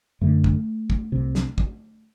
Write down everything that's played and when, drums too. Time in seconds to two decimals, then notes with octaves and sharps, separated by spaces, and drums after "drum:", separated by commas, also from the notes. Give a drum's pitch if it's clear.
0.21 F#2 D3 A3
0.44 drum: kick
0.90 drum: kick
1.12 C2 C3
1.35 drum: snare
1.58 drum: kick